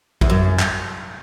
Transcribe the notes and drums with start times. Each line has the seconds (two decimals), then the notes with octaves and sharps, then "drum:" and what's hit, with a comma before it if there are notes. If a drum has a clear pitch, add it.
0.21 E2, drum: kick A1
0.30 F#2
0.59 drum: clap